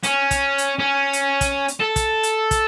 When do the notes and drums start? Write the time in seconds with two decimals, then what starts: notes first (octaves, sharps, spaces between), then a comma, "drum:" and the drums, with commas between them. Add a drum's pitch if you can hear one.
0.03 C#4, drum: hi-hat
0.31 drum: kick, hi-hat
0.58 drum: hi-hat
0.79 C#4
1.13 drum: hi-hat
1.41 drum: kick, hi-hat
1.68 drum: hi-hat
1.80 A4
1.96 drum: kick, hi-hat
2.23 drum: hi-hat
2.51 drum: kick, hi-hat